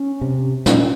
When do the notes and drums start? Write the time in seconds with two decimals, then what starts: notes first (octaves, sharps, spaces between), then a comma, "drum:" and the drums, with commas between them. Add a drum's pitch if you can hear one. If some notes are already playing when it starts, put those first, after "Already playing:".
Already playing: C#4
0.21 C3
0.66 A#2 C#4, drum: snare